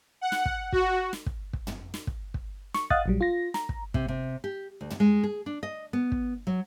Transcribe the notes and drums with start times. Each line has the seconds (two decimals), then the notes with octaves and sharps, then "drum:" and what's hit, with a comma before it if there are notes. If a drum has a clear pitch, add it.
0.21 F#5
0.32 drum: snare
0.46 drum: kick
0.72 F#4, drum: kick
1.13 drum: snare
1.26 drum: kick
1.53 drum: kick
1.67 drum: tom
1.94 drum: snare
2.07 drum: kick
2.34 drum: kick
2.74 C#6, drum: snare
2.90 D#5 F5 F#5 D#6 F#6 A6, drum: kick
3.06 A#1 F#3 G3
3.21 F4 A#6
3.54 A#5, drum: snare
3.69 drum: kick
3.94 C3, drum: kick
4.08 C3
4.44 G4
4.81 D2
4.90 drum: tom
5.00 G#3
5.23 G#4
5.46 D4
5.63 D#5
5.93 B3
6.12 drum: kick
6.47 F#3